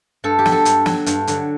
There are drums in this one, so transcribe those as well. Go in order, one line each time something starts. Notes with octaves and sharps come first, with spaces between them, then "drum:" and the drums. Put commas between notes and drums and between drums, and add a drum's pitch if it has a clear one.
G2 A4
G4
F#3, drum: snare
A4
G2, drum: hi-hat
F#3, drum: snare
G2, drum: hi-hat
D3 F#3, drum: hi-hat